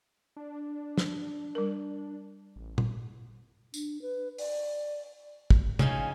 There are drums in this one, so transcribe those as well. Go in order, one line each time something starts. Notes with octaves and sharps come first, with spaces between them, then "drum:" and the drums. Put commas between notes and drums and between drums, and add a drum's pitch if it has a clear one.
D4
drum: snare
G3 A#4
A1
drum: tom A#2
D4, drum: tambourine
B4
D5, drum: open hi-hat
drum: kick
C#3 F3 D#4 G#5, drum: tom C3